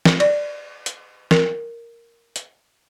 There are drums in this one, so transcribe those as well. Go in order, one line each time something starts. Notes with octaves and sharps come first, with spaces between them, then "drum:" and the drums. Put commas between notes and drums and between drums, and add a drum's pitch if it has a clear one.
drum: snare
D5, drum: cymbal
drum: hi-hat
A#4, drum: snare
drum: hi-hat